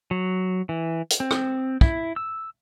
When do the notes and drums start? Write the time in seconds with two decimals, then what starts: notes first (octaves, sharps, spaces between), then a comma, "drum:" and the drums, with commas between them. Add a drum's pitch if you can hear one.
0.11 F#3
0.69 E3
1.10 drum: hi-hat
1.20 C4
1.31 drum: rim click
1.81 E4, drum: kick
2.16 E6